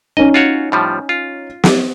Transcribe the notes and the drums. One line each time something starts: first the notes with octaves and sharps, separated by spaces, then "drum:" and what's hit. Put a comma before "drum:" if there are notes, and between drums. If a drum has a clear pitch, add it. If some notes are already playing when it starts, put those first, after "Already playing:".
C#4 D#4 D#5
F4 F#4 C#5
A2 F3 G3
F4
drum: snare